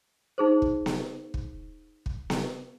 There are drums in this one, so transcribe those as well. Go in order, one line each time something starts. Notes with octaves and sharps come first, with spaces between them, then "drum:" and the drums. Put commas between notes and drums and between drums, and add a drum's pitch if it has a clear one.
D#4 G#4 C5
drum: kick
drum: snare B3
drum: kick
drum: kick
drum: snare B3